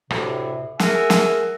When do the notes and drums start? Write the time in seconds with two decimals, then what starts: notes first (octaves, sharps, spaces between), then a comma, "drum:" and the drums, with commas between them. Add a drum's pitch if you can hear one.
0.10 D2 A2 C3, drum: rim click
0.79 G#4 A#4 E5 F#5 G#5, drum: snare
1.10 drum: snare